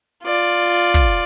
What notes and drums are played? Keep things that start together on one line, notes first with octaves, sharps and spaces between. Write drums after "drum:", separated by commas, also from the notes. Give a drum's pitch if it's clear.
F4 D5
drum: kick